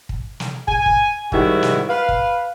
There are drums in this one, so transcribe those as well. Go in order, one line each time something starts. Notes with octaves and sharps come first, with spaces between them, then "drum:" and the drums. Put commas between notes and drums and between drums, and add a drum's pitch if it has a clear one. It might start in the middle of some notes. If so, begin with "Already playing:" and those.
drum: kick
drum: snare
G#5, drum: kick
drum: kick
G#2 D#3 G3 E4 F#4, drum: kick
drum: snare
B4 F5
drum: kick